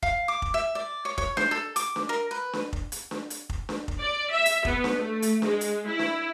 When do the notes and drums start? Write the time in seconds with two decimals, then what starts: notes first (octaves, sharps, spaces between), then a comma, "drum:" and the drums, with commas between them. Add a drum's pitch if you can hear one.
0.03 F5, drum: kick F1
0.28 D6
0.42 drum: kick F1
0.54 E5
0.75 D5
1.05 C#5
1.18 C#5, drum: kick F1
1.37 C5, drum: snare D4
1.51 A4
1.76 D6, drum: hi-hat
1.96 drum: snare D4
2.09 A#4
2.31 B4
2.53 drum: snare D4
2.73 drum: kick F1
2.92 drum: hi-hat
3.11 drum: snare D4
3.30 drum: hi-hat
3.50 drum: kick F1
3.69 drum: snare D4
3.88 drum: kick F1
4.00 D5
4.30 E5
4.46 drum: hi-hat
4.65 B3, drum: kick F1
4.84 drum: snare D4
4.97 A3
5.22 drum: hi-hat
5.42 G#3, drum: snare D4
5.61 drum: hi-hat
5.86 E4
5.99 drum: snare D4